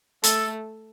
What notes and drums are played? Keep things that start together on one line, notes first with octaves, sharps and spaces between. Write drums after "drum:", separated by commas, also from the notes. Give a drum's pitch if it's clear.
A3 A4, drum: hi-hat